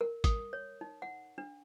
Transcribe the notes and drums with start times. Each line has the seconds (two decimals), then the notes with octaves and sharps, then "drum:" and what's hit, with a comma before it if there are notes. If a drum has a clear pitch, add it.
0.01 A#4
0.24 D#6, drum: kick A1, hi-hat
0.53 C#5
0.81 D#4
1.02 F#5
1.38 D4